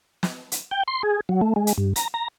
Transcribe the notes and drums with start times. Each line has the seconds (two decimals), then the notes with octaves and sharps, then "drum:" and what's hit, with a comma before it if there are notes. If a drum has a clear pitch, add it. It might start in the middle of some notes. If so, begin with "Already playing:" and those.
0.23 drum: snare
0.52 drum: hi-hat
0.71 G5
0.88 C6
1.03 G#4
1.29 F#3
1.41 A3
1.56 G#3
1.67 drum: hi-hat
1.78 G2
1.96 A#5, drum: hi-hat
2.14 A#5